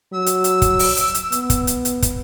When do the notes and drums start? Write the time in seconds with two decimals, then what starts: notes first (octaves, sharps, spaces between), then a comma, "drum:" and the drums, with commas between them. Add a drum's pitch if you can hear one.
0.13 F#3 E6
0.26 drum: hi-hat
0.44 drum: hi-hat
0.62 drum: kick, hi-hat
0.79 drum: open hi-hat
0.97 drum: hi-hat
1.14 drum: hi-hat
1.32 B3, drum: hi-hat
1.50 drum: kick, hi-hat
1.67 drum: hi-hat
1.85 drum: hi-hat
2.02 drum: kick, hi-hat